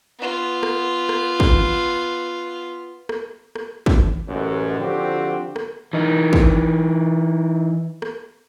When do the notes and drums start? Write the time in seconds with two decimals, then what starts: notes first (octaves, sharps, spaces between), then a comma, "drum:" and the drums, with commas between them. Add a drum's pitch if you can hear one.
0.19 B3 F4
0.63 drum: rim click
1.09 drum: rim click
1.40 drum: kick
3.09 drum: rim click
3.55 drum: rim click
3.86 drum: kick
4.28 A1 F#2
4.79 D3 F3 C4 F#4 G4
5.56 drum: rim click
5.93 E3 D#4
6.33 drum: kick
8.02 drum: rim click